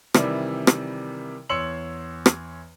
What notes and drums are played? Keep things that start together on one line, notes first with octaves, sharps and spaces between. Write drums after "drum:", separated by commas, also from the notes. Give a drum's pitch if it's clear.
C3 D#3 E3 G3 E4, drum: rim click
drum: rim click
E2 C#5 C6 E6 C#7 F#7
drum: rim click